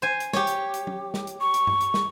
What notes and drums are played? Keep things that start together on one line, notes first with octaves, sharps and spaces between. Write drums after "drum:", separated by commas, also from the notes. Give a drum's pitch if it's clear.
C5 G#5
drum: hi-hat
G4 C#5, drum: snare
drum: hi-hat
drum: hi-hat
drum: tom
drum: snare
drum: hi-hat
C#6
drum: hi-hat
drum: tom G2
drum: hi-hat
drum: snare